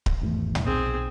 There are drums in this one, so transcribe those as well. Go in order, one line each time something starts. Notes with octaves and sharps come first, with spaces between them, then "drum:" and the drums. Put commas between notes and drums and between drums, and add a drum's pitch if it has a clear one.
drum: kick D1
G#1 E2 A3
drum: tom
B1 C4 G#4